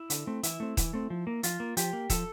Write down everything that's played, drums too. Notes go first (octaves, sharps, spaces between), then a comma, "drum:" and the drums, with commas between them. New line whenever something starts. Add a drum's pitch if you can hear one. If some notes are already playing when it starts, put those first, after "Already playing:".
Already playing: E4
D3, drum: hi-hat
A3 C4
E3 E4, drum: hi-hat
A3 C4
E3, drum: kick D#1, hi-hat
A3 C4
F3
A#3
F3 F4, drum: hi-hat
A#3
F3 G4, drum: hi-hat
A#3
F3 A4, drum: kick D#1, hi-hat